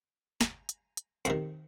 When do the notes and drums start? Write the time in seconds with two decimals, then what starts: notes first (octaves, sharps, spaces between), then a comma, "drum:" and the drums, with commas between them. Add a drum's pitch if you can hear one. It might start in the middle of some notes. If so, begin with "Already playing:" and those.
0.41 G#5 A#5, drum: snare
0.69 drum: hi-hat
0.97 drum: hi-hat
1.25 F2 C3 D#3, drum: hi-hat